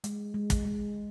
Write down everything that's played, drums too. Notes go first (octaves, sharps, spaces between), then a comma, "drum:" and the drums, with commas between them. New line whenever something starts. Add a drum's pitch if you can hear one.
G#3, drum: hi-hat
G#3
drum: kick, hi-hat
G#3